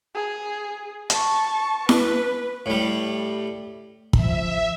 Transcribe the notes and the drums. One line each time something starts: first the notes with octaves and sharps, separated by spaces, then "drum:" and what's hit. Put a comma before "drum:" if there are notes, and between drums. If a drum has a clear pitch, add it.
G#4
A5 C#6, drum: hi-hat
B4, drum: snare E4
A2 G3
F3 E5, drum: kick